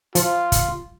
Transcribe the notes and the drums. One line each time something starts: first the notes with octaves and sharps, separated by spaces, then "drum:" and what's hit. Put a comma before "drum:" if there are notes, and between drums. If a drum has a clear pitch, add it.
F3 F4, drum: hi-hat
drum: kick, hi-hat